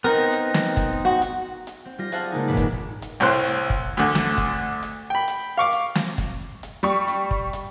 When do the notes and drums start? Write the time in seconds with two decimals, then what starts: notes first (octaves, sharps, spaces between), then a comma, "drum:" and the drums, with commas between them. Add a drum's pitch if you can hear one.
0.04 B3 C4 D#4 A#4
0.32 drum: hi-hat
0.54 drum: snare
0.77 drum: kick, hi-hat
1.05 F#4
1.22 drum: hi-hat
1.67 drum: hi-hat
1.85 C4
1.98 G3 F4 A#6
2.12 G#4 C5 F5 F#5 G#5 A5, drum: hi-hat
2.32 C#3 G#3 A#3 D#4
2.47 D#1 A#1 G#2 B4 D6
2.57 drum: kick, hi-hat
3.02 drum: hi-hat
3.20 C2 A2 C4 C6 F#6
3.47 drum: hi-hat
3.70 drum: kick
3.97 D2 D3
4.15 drum: snare
4.38 drum: kick, hi-hat
4.83 drum: hi-hat
5.10 G5 B5
5.28 drum: hi-hat
5.57 F5 C#6 D6
5.73 drum: hi-hat
5.95 drum: snare
6.18 drum: kick, hi-hat
6.63 drum: hi-hat
6.83 G3 C#6
7.08 drum: hi-hat
7.31 drum: kick
7.53 drum: hi-hat